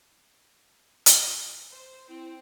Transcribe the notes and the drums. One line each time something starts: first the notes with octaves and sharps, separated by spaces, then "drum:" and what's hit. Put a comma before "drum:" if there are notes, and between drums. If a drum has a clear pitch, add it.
drum: hi-hat
C5
C4 E4